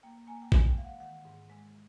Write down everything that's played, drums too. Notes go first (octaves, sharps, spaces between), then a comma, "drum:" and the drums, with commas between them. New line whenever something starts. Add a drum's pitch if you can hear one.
A#3 G5
A#3 G#5
G5
G#3 G#5, drum: kick
G5
E3 F5
F#5
D#3 F#5
G#2
G#3